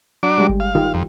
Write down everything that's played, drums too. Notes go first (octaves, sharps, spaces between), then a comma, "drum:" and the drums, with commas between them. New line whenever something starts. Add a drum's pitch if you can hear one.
F#3 D4 D6
G3 G#3 G4
drum: kick G1
F5
D#3 F4 G4
F2